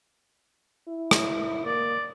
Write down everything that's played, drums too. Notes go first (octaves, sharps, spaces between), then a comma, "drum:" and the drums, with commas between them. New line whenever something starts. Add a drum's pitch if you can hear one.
E4
drum: rim click
A#3 D5